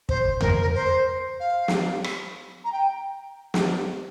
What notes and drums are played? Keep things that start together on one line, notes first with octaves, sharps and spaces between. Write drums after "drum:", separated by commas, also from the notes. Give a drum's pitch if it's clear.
C5, drum: kick
A#4, drum: tom E2
A#4
C5
F5
drum: snare
drum: rim click
A#5
G5
drum: snare